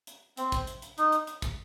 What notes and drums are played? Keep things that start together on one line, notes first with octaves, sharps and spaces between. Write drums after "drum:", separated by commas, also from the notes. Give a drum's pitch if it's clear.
drum: hi-hat
C4, drum: hi-hat
drum: kick, hi-hat
drum: hi-hat
drum: hi-hat
D#4, drum: hi-hat
drum: hi-hat
drum: hi-hat
drum: kick, hi-hat